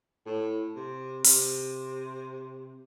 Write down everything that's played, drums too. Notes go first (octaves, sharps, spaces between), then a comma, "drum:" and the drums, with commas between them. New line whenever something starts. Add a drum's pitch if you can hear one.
A2
C3
C3, drum: open hi-hat